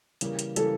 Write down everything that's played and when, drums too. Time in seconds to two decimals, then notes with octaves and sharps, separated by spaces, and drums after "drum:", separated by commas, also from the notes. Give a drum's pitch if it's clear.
0.21 C#3 E3 G3 A#3, drum: hi-hat
0.39 drum: hi-hat
0.56 C#3 E3 G3 A#3 A4, drum: hi-hat